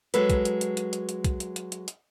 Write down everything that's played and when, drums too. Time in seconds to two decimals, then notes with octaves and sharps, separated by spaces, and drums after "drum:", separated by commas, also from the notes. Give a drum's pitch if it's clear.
0.14 F#3 G#3 A4 B4, drum: hi-hat
0.30 drum: kick, hi-hat
0.45 drum: hi-hat
0.61 drum: hi-hat
0.77 drum: hi-hat
0.93 drum: hi-hat
1.09 drum: hi-hat
1.24 drum: kick, hi-hat
1.40 drum: hi-hat
1.56 drum: hi-hat
1.72 drum: hi-hat
1.88 drum: hi-hat